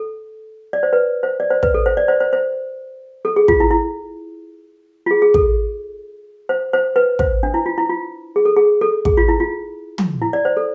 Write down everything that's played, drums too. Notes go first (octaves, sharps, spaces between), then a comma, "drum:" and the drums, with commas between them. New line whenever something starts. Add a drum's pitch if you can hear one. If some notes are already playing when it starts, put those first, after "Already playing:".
Already playing: A4
D5
C5
B4
C5
D5
C5
B4, drum: kick
A4
C5
D5
C5
C5
C5
A4
G#4
F4, drum: kick
E4
E4
F4
G#4
G#4
A4, drum: kick
C5
C5
B4
C5, drum: kick
D4
E4
F4
E4
F4
G#4
A4
G#4
A4
G#4, drum: kick
F4
E4
F4
drum: tom
E4
D5
C5
A4